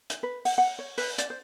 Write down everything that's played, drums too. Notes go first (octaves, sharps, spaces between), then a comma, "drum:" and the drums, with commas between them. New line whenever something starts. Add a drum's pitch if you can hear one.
drum: hi-hat
B4
F#5, drum: open hi-hat
F#5
C#5
B4, drum: open hi-hat
D5, drum: hi-hat
C5